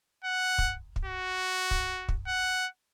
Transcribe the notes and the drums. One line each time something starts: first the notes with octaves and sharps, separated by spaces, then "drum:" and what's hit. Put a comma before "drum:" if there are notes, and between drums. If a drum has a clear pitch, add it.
F#5
drum: kick
drum: kick
F#4
drum: kick
drum: kick
F#5